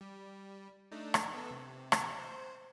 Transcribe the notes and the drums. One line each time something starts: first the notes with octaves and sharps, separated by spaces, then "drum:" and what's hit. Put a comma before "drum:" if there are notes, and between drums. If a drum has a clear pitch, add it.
G3
A3 D4 D#4
drum: rim click
B3 A4
C3
drum: rim click
C5